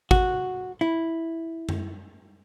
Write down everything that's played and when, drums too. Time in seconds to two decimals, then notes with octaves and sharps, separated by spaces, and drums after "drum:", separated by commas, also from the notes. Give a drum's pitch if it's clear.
0.11 F#4, drum: kick G#1
0.81 E4
1.69 drum: tom F#2